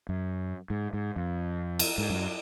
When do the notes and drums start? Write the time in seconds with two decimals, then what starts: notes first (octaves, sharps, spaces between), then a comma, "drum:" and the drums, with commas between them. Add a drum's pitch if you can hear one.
0.09 F#2
0.70 G#2
0.93 G#2
1.16 F2
1.79 drum: cymbal
1.98 G#2
2.10 F#2